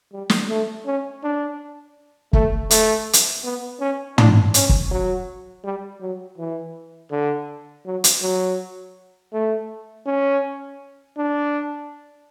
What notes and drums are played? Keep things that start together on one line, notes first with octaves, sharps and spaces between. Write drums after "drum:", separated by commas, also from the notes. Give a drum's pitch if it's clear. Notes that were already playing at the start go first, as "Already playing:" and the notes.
G3
drum: snare
A3
C#4
D4
A3, drum: kick
A3, drum: hi-hat
drum: hi-hat
B3
C#4
D4, drum: tom
C#4, drum: hi-hat
drum: kick
F#3
G3
F#3
E3
D3
F#3
drum: hi-hat
F#3
A3
C#4
D4